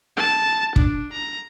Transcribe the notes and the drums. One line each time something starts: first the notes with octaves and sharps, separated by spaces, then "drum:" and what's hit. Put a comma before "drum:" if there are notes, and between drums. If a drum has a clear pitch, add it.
A5
D4, drum: kick
A#5